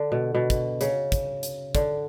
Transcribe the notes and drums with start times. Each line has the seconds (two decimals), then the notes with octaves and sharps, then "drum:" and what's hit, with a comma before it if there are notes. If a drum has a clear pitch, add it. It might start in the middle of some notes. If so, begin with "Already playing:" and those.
Already playing: D3
0.12 B2
0.35 B2
0.50 drum: kick, hi-hat
0.81 C#3, drum: hi-hat
1.12 drum: kick, hi-hat
1.43 drum: hi-hat
1.75 D3, drum: kick, hi-hat